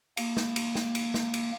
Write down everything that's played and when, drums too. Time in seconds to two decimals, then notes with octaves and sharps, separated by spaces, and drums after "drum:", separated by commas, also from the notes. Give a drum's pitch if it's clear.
0.17 A#3, drum: cymbal
0.37 drum: snare
0.56 drum: cymbal
0.75 drum: snare
0.95 drum: cymbal
1.14 drum: snare
1.34 drum: cymbal